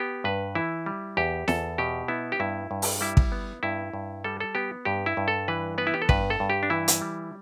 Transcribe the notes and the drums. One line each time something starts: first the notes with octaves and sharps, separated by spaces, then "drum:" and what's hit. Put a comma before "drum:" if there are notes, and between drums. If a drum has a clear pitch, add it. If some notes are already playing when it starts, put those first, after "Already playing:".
Already playing: B3 G4
G2 B4
E3 E4
G3
E2 G4
E2 A4, drum: snare
B2 G4
B3 E4
G4
G2 E4
G2
drum: open hi-hat
G3 E4
drum: kick
B3
G2 E4
G2
G3 A4
A4
B3 G4
G2 G4
E4
G2
A4
E3 B4
B3 B4
E4
G4
A4
G2 B4, drum: kick
A4
G2
G4
D4
E3 E4
drum: hi-hat
G3